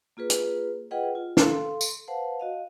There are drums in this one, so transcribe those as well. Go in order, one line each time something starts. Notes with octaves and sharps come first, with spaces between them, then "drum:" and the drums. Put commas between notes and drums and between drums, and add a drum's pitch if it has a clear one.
A#3 F4 G#4 B4
drum: hi-hat
F4 G#4 B4 D#5 F#5 G5
F4
A4 F5 C6, drum: snare
drum: tambourine
B4 C5 F5 F#5 A5
F#4 D#5 F5